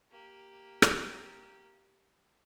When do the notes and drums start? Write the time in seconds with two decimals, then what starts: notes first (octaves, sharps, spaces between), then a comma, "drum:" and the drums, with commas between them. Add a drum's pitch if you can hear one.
0.11 A#3 G4
0.82 drum: rim click